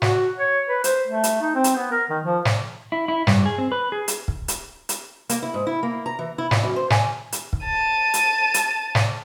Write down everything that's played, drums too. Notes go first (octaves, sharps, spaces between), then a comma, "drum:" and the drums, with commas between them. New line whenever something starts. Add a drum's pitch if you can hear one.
F#4, drum: snare
C#5
B4
C5, drum: hi-hat
A3
drum: hi-hat
D#4
C4
drum: hi-hat
B3
A#4
D#3
F3
drum: snare
E4
E4
G2, drum: snare
G#4
C4
B4
G#4
drum: hi-hat
drum: kick
drum: hi-hat
drum: hi-hat
A#3, drum: hi-hat
E4
G#2
E4
A#3
A#5
E3
E4
F2, drum: snare
F#2
C5
G#5, drum: snare
drum: hi-hat
drum: kick
A5 D#7
drum: hi-hat
drum: hi-hat
drum: snare